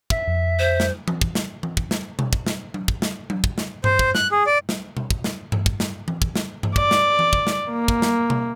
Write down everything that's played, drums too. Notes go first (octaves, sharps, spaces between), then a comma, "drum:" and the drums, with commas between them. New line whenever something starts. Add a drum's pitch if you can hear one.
E5, drum: kick
F2
C5
drum: snare
drum: tom E3
drum: kick
drum: snare
drum: tom E3
drum: kick
drum: snare
drum: tom B2
drum: kick
drum: snare
drum: tom F#3
drum: kick
drum: snare
drum: tom F#3
drum: kick
drum: snare
C5, drum: tom G2
drum: kick
F#6, drum: snare
G#4
D5
drum: snare
drum: tom B2
drum: kick
drum: snare
drum: tom G2
drum: kick
drum: snare
drum: tom E3
drum: kick
drum: snare
drum: tom G2
D5, drum: kick
drum: snare
drum: tom E3
drum: kick
drum: snare
A#3
drum: kick
drum: snare
drum: tom B2